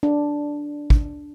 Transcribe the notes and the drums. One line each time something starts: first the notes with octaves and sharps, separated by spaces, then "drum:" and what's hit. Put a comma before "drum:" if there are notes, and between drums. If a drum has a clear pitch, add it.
D4
drum: kick